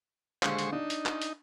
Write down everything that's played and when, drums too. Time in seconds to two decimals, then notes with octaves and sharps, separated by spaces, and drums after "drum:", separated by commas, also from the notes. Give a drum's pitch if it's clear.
0.43 D#1 D3 G#3 C5 F5 C#6, drum: clap
0.59 drum: hi-hat
0.72 D4 D#4
0.90 drum: hi-hat
1.06 drum: clap
1.22 drum: hi-hat